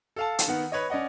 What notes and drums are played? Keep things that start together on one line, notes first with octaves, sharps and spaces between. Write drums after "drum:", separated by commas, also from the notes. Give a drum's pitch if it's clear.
A4 F5 A5
drum: hi-hat
D#3 B3 F#5
B4 C#5 D#5
C#4 D5 D#5 F#5